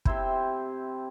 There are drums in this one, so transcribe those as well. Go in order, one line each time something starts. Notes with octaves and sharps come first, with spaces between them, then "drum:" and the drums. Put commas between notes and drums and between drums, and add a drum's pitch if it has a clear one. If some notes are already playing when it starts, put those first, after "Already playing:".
C3 C4 E4 C5, drum: kick